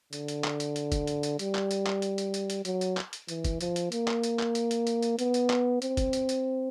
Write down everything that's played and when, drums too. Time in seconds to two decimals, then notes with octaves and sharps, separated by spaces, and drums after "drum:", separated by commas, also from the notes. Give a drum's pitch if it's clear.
0.13 D3, drum: hi-hat
0.28 drum: hi-hat
0.44 drum: clap
0.60 drum: hi-hat
0.76 drum: hi-hat
0.92 drum: kick, hi-hat
1.07 drum: hi-hat
1.23 drum: hi-hat
1.39 G3, drum: hi-hat
1.55 drum: clap
1.71 drum: hi-hat
1.86 drum: clap
2.02 drum: hi-hat
2.18 drum: hi-hat
2.34 drum: hi-hat
2.50 drum: hi-hat
2.65 F#3, drum: hi-hat
2.81 drum: hi-hat
2.97 drum: clap
3.13 drum: hi-hat
3.28 E3, drum: hi-hat
3.44 drum: kick, hi-hat
3.61 F3, drum: hi-hat
3.76 drum: hi-hat
3.92 A#3, drum: hi-hat
4.08 drum: clap
4.23 drum: hi-hat
4.39 drum: clap
4.55 drum: hi-hat
4.71 drum: hi-hat
4.87 drum: hi-hat
5.02 drum: hi-hat
5.19 B3, drum: hi-hat
5.34 drum: hi-hat
5.50 drum: clap
5.82 C4, drum: hi-hat
5.97 drum: kick, hi-hat
6.13 drum: hi-hat
6.29 drum: hi-hat